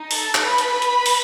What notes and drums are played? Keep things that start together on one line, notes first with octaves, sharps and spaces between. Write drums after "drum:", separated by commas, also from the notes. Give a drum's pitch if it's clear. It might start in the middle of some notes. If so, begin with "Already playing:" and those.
Already playing: D#4
A4 A5, drum: open hi-hat
drum: clap
B4 B5
drum: hi-hat
drum: hi-hat
drum: open hi-hat